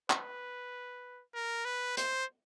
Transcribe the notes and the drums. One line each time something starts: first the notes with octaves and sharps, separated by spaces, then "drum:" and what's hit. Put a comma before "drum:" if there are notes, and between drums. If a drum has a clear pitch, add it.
B4, drum: clap
A#4
B4
C5, drum: hi-hat